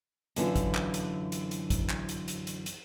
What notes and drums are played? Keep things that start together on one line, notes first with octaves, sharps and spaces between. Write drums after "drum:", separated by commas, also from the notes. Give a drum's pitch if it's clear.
F#2 D3 E3 F4, drum: hi-hat
drum: kick G#1, hi-hat
drum: clap
drum: hi-hat
drum: hi-hat
drum: hi-hat
drum: kick G#1, hi-hat
drum: clap
drum: hi-hat
drum: hi-hat
drum: hi-hat
drum: hi-hat